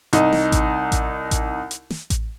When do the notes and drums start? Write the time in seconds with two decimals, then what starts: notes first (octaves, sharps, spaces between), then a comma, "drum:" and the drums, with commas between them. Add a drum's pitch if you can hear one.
0.13 C2 D#4, drum: hi-hat
0.32 drum: snare
0.52 drum: kick A1, hi-hat
0.92 drum: kick A1, hi-hat
1.31 drum: kick A1, hi-hat
1.71 drum: hi-hat
1.90 drum: snare
2.10 drum: kick A1, hi-hat